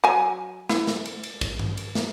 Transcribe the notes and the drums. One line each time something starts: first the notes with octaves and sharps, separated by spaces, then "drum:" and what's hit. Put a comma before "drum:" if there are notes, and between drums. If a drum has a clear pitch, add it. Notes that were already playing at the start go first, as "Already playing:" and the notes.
F#3 G#5
E4, drum: snare
drum: snare
drum: cymbal
drum: cymbal
drum: kick, cymbal
drum: tom G2
drum: cymbal
drum: snare